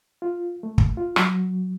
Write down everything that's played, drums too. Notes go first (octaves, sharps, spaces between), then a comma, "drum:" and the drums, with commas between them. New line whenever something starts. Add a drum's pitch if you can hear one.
F4
A3
drum: kick
F4
F#3, drum: rim click